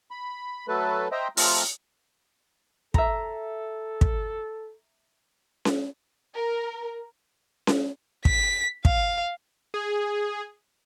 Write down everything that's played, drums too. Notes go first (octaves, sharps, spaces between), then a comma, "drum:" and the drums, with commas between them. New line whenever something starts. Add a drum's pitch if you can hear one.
B5
F#3 A3 A4 B4
C5 D#5 E5 G5 A#5
F3 A3 C4 F4 A#5 F6, drum: open hi-hat
A4 E5 A#5, drum: kick
drum: kick
drum: snare C#4
A#4
drum: snare C#4
B6, drum: kick
F5, drum: kick
G#4